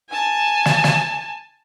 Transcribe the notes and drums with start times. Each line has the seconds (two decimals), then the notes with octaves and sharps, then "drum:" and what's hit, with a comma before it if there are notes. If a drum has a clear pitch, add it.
0.10 G#5 A5
0.65 drum: snare
0.84 drum: snare